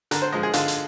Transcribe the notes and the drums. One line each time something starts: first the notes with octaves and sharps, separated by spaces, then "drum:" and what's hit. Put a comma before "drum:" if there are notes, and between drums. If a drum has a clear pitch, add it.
D3 A#4, drum: hi-hat
C5
F3 G#3 D#5
G#4
D3 F4, drum: hi-hat
drum: hi-hat